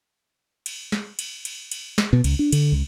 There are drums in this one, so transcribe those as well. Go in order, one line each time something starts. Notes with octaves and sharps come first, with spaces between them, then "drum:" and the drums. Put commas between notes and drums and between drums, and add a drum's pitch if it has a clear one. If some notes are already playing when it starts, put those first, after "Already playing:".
drum: cymbal
drum: snare
drum: cymbal
drum: cymbal
drum: cymbal
drum: snare
B2
C#2, drum: cymbal
D4
D3, drum: cymbal
C#2